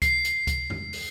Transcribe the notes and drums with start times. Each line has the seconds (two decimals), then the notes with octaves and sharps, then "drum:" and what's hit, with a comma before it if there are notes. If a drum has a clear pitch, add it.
0.02 C7, drum: kick C#2, hi-hat
0.24 drum: hi-hat
0.47 drum: kick C#2, hi-hat
0.70 drum: tom
0.93 drum: open hi-hat